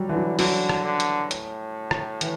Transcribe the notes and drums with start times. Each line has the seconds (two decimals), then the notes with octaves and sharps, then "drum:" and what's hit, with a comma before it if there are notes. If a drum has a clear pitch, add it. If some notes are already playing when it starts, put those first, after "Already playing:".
Already playing: F#3 G3
0.08 D3 E3
0.17 F#3
0.39 D3 F#3, drum: open hi-hat
0.69 drum: rim click
0.84 D3
1.00 drum: hi-hat
1.31 A2, drum: hi-hat
1.91 drum: rim click
2.21 E3, drum: hi-hat